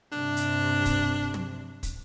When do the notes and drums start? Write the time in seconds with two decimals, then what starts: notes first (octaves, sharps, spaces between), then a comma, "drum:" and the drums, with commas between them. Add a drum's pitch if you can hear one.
0.12 G2 C3 D4
0.36 drum: hi-hat
0.85 drum: kick, hi-hat
1.34 drum: tom
1.83 drum: kick, hi-hat